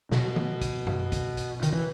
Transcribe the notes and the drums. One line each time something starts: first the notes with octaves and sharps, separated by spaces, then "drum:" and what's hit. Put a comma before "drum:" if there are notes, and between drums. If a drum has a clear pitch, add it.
B2, drum: snare
drum: tom D#3
drum: kick, hi-hat
drum: tom F#2
drum: kick, hi-hat
drum: hi-hat
D#3, drum: hi-hat
E3